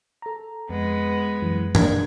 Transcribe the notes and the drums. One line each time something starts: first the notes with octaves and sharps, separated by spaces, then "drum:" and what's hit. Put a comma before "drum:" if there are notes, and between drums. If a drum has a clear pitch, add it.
A4 A#5
F2 G#3 B3
F#2 E3
D4 A#4 G#6, drum: tom G2